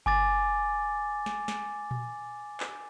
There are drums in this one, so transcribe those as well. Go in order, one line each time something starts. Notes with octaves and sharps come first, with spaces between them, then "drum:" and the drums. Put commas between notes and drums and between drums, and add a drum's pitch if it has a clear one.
G#5 D6 A6, drum: kick G1
drum: snare
drum: snare
drum: tom A#2
drum: clap